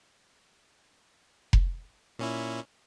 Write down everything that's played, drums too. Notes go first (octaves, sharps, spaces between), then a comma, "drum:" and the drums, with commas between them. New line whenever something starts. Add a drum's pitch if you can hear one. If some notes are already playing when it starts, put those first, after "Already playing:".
drum: kick F1
A#2 C#4 E4